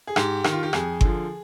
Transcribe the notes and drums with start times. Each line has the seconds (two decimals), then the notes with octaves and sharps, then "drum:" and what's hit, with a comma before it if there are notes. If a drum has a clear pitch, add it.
0.07 G#4
0.16 G#2 G4, drum: rim click
0.44 D#3, drum: rim click
0.52 F4
0.63 G4
0.73 F2 G#4, drum: rim click
1.01 D3 F3, drum: kick G1